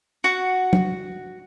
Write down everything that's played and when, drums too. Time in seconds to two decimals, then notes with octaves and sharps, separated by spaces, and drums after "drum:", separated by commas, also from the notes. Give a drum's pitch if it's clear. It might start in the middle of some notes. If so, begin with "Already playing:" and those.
0.24 F#4 F#5
0.73 drum: tom F#3